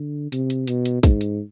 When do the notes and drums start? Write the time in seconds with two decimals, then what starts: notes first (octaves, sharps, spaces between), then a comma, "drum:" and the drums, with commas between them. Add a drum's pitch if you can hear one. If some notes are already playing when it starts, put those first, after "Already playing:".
Already playing: D3
0.32 C3, drum: hi-hat
0.50 drum: hi-hat
0.68 B2, drum: hi-hat
0.85 drum: hi-hat
1.03 G#2, drum: kick, hi-hat
1.21 drum: hi-hat